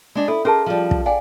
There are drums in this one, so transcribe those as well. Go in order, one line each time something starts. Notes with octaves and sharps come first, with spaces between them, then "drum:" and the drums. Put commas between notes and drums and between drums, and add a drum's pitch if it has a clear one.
G#3 D4
E4 A4
C#4 G#4 A#4 C5 A5
F3 G3
drum: kick
D5 F5 G5 G#5